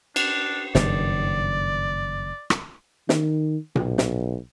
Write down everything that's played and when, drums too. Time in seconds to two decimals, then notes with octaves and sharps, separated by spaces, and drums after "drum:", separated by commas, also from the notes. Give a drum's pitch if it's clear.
0.16 D4, drum: cymbal
0.75 F#1 G2 D#3 D5, drum: snare
2.50 drum: rim click
3.09 D#3, drum: snare
3.76 B1, drum: tom A#2
3.98 drum: snare